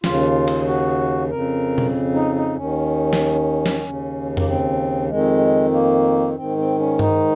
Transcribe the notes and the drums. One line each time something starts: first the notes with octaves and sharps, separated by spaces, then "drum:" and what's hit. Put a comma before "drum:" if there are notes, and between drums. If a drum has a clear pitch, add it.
D#2 C#3 F4, drum: snare
drum: cymbal
F#4
F2 C#3 A#4
drum: tom
D#4
D#4
D#2 D#3 C#4
drum: snare
drum: snare
D#2 C#3
A#3, drum: tom F2
C4
F2 D#3 G#3
A#3
G#2 D#3 C4
C4
C#4
D#4, drum: tom G2